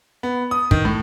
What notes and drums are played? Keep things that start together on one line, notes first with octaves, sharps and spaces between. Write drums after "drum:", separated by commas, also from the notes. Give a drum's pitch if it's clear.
B3
D#6
D#3, drum: kick
A2